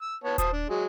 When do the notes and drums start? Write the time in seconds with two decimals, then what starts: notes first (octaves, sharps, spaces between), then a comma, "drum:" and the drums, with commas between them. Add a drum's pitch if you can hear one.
0.02 E6
0.24 B3 C#5 A5
0.38 C5 A5 D#6, drum: kick D#1, hi-hat
0.53 D4
0.70 F#3 G#3